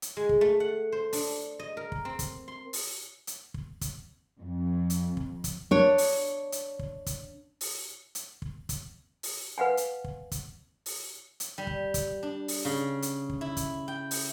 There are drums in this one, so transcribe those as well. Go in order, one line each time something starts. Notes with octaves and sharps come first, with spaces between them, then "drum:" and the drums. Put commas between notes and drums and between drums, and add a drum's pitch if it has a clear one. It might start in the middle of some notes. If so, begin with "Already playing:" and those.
drum: hi-hat
G#3
drum: kick
A3
F#5
C5
D4, drum: open hi-hat
D#5
A#4
drum: kick
C4
drum: kick, hi-hat
C6
drum: open hi-hat
drum: hi-hat
drum: kick
drum: kick, hi-hat
F2
drum: hi-hat
drum: kick
drum: kick, hi-hat
D4 C#5
drum: open hi-hat
drum: hi-hat
drum: kick
drum: kick, hi-hat
drum: open hi-hat
drum: hi-hat
drum: kick
drum: kick, hi-hat
drum: open hi-hat
B4 F5 F#5 G#5
drum: hi-hat
drum: kick
drum: kick, hi-hat
drum: open hi-hat
drum: hi-hat
G3
drum: kick
drum: kick, hi-hat
D4
drum: open hi-hat
C#3
drum: hi-hat
drum: kick
E4
drum: kick, hi-hat
G5
drum: open hi-hat